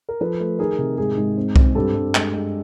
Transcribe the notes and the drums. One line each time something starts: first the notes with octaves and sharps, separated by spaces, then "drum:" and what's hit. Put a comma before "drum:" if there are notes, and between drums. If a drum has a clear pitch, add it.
A#4
F3 A4 B4
A3
D#3 G#4 A#4
C3
G#2 G#4
G#2
C4
C4, drum: kick C2
G2 G4 A4
G2
G#3, drum: clap
G#3